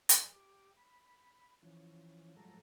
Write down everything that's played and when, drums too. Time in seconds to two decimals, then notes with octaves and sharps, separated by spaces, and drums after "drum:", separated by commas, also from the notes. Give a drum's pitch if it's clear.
0.09 G#4 B4 D5 E5 G#5 A5, drum: hi-hat
0.33 G4 D6
0.77 B5
1.62 E3 F3 C#4
2.36 G#2 F3 F#3 A3 A4 A#5